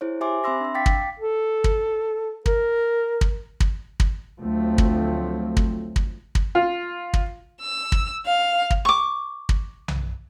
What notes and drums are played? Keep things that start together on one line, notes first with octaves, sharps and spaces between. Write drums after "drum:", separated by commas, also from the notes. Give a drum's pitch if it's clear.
E4 G#4 C5 C#5
G4 C5 E5 G#5 C6 D6
C4 E5 B5 C6 E6 A#6
D4 E6
F5 G5 D6 A6 B6
drum: kick
A4
drum: kick
A#4, drum: kick
drum: kick
drum: kick
drum: kick
D2 F3 F#3 A3 C4
drum: kick
drum: kick
drum: kick
drum: kick
F4
drum: kick
E6
drum: kick
F5
drum: kick
C#6 D6
drum: kick
drum: tom B1